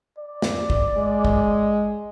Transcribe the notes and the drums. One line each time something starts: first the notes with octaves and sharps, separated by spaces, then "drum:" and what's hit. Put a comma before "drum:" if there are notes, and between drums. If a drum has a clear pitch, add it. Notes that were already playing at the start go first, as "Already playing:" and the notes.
D5
drum: snare
drum: kick
G#3
drum: kick